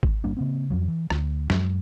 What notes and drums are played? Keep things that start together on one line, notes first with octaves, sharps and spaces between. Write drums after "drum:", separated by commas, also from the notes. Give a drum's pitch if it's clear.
drum: kick G#1
G1 G3 A#3 D4
C#3 A#3 C4
F2 F3 F#3
E3
D2, drum: rim click
F#2 F#3 G#3, drum: snare